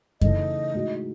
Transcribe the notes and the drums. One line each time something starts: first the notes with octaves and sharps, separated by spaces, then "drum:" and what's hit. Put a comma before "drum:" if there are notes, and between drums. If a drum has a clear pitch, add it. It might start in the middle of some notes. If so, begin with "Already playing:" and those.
C#3 E3 A3 D#4 A4 D#5, drum: kick F#2
A2 G#3 D#4 F#4